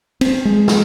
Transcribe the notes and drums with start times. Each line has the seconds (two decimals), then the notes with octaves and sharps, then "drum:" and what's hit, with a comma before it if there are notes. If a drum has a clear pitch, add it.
0.21 C4, drum: cymbal
0.45 G#3
0.68 drum: snare